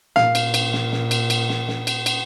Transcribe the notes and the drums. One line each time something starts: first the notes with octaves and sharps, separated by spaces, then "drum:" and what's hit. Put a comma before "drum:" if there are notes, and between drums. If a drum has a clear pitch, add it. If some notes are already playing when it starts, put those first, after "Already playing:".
A#2 F5, drum: snare
drum: cymbal
drum: cymbal
drum: snare
drum: snare
drum: cymbal
drum: cymbal
drum: snare
drum: snare
drum: cymbal
drum: cymbal